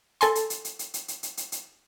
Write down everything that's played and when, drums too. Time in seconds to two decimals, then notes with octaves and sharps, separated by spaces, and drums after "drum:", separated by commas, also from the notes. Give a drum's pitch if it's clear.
0.21 A4 G#5 C6, drum: hi-hat
0.35 drum: hi-hat
0.50 drum: hi-hat
0.65 drum: hi-hat
0.79 drum: hi-hat
0.94 drum: hi-hat
1.08 drum: hi-hat
1.23 drum: hi-hat
1.37 drum: hi-hat
1.52 drum: hi-hat